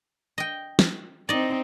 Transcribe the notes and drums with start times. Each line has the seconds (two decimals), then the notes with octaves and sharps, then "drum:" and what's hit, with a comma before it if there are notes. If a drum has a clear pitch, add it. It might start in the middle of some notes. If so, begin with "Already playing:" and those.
0.38 D#5 G5
0.79 drum: snare
1.29 C4 D#4 D5 D#5